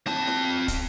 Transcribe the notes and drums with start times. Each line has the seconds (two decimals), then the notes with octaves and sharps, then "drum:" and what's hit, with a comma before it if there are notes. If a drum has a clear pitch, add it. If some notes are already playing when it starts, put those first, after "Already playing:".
0.07 C4 A5, drum: snare
0.27 drum: snare
0.68 drum: kick, hi-hat